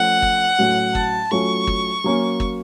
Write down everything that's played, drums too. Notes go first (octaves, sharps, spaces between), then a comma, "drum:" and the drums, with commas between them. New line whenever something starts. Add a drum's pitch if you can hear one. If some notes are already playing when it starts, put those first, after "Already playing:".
Already playing: F3 A3 C#4 A4 F#5
drum: kick
A2 F#3 A3 C#4 F#4
A5, drum: kick
F#3 A3 C#4 F4 A4 C#6
drum: kick
F#3 A#3 C#4
drum: kick